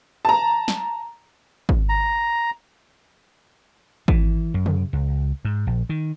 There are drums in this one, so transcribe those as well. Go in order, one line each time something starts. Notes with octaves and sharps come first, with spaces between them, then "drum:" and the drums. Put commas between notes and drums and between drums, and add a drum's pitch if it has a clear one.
A5 A#5
drum: snare
drum: kick G#1
A#5
E3, drum: kick G#1
F#2
drum: tom
C#2
G#2
A#1
D#3